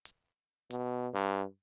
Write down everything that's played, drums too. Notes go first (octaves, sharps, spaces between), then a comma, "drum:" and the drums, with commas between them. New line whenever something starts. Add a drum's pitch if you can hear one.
drum: hi-hat
B2, drum: hi-hat
G2